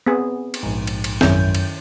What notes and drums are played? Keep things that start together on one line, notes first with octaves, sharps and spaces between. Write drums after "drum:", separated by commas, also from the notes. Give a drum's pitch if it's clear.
B3 C4 G#4
drum: cymbal
A#1 G#2
drum: cymbal
drum: cymbal
F#2 D#3 C#4 E4 G6, drum: snare
drum: cymbal